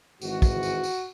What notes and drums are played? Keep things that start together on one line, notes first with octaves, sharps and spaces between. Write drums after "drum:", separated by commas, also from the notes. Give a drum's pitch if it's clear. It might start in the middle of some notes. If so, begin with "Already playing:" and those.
G#1 G#2 E3 F#4, drum: tambourine
drum: kick, tambourine
drum: tambourine
drum: tambourine